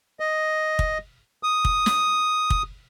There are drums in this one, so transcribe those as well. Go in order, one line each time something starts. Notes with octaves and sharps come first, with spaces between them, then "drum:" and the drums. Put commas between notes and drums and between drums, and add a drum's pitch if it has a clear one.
D#5
drum: kick
D#6
drum: kick
drum: snare
drum: kick